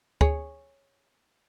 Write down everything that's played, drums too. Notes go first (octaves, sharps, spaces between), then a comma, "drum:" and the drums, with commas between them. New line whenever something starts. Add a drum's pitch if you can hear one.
G#4 C#5, drum: kick